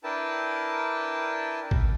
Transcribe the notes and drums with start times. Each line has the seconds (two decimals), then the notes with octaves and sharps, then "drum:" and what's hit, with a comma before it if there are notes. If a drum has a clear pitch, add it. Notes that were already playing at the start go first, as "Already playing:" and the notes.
0.04 D4 E4 A#4 B4 G5 A5
1.71 drum: kick